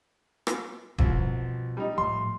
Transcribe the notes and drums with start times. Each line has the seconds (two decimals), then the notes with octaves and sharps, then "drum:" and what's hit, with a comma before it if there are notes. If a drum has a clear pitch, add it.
0.47 drum: rim click
0.98 C2 B2 F3, drum: kick D#1
1.77 G3 D#4
1.98 A2 F3 C6